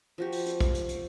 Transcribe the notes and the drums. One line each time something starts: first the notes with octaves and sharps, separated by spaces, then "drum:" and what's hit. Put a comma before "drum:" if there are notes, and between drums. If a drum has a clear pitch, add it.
F3 F#4 G4
drum: open hi-hat
drum: hi-hat
drum: kick B1, hi-hat
drum: hi-hat
drum: hi-hat